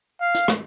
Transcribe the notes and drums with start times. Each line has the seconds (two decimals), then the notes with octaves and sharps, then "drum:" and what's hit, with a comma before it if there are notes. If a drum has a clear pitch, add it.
0.21 F5
0.35 drum: hi-hat
0.48 drum: rim click